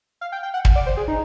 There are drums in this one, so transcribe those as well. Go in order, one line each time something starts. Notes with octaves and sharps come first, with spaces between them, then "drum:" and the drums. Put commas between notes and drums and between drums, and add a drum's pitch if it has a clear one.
F5
G5
G5
F#5
drum: kick
D5
C5
G#4
D#4